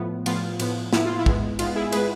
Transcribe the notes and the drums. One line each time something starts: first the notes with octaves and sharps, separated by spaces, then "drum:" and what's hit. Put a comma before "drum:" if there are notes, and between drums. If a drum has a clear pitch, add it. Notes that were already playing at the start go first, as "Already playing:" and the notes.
Already playing: A2 F3 B3
A2 F3 B3 F4, drum: cymbal
A2 F3 B3, drum: cymbal
A2 F3 B3 E4, drum: snare
F4
E4
G#2 G#3 B3, drum: kick
G#2 G#3 B3 F4, drum: cymbal
E4 G#4
G#3 B3 G#4 B4, drum: cymbal